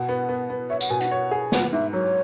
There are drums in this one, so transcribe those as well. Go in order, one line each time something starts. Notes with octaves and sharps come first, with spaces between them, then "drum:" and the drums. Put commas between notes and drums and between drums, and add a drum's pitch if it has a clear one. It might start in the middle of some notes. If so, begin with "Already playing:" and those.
Already playing: B2 F#5
B3
B3
B3
C#5 E5
F#5, drum: tambourine
B2 G#5
F#5, drum: hi-hat
C#5
G#4
B3 F#5, drum: snare
G#2 E5
F#3 C#5